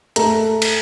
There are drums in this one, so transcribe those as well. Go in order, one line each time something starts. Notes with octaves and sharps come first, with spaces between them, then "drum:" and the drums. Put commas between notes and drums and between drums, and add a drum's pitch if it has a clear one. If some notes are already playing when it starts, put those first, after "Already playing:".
A3 A#5, drum: hi-hat
drum: cymbal